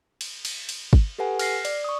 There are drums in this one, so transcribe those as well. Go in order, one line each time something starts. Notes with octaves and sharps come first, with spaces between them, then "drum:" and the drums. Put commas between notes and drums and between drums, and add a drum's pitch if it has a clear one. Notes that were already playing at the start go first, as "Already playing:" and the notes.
drum: cymbal
drum: cymbal
drum: cymbal
drum: kick
G4 A4 B4 F#5 G#5
F6 A#6 C7, drum: cymbal
D5, drum: cymbal
C#6 D#6